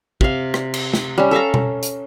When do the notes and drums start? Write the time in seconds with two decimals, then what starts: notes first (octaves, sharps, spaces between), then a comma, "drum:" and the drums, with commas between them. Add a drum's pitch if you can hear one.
0.21 C3 F5, drum: kick
0.54 drum: rim click
0.74 drum: cymbal
0.93 drum: snare
1.18 G3 C#4
1.31 A4 E5 F5 A#5
1.54 drum: tom B2
1.83 drum: hi-hat